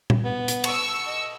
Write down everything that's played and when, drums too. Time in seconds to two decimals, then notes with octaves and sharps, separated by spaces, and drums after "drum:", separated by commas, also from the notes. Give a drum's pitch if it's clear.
0.10 drum: tom A#2
0.24 B3
0.48 drum: hi-hat
0.64 C#6 E6, drum: cymbal
1.07 D#5